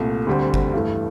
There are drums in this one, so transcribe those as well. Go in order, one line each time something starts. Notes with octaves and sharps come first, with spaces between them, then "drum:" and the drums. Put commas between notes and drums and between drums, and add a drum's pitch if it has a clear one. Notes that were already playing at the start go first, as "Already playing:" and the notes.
Already playing: C2 A#2 A3
D2 D3 G3 C4
drum: kick G1
G2 E3 A3